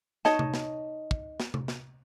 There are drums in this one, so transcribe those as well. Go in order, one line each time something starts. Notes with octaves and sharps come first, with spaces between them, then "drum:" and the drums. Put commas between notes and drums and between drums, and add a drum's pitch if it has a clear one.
D#4 C#5 D#5 A5, drum: snare
drum: tom C3
drum: snare
drum: kick
drum: snare
drum: tom C3
drum: snare